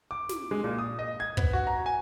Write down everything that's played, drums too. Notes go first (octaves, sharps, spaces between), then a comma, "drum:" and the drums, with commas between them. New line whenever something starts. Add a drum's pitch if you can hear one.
D6
drum: snare
G#3
A#2
D#6
D#5
G#6
B3, drum: kick
F#4
A#5
G#5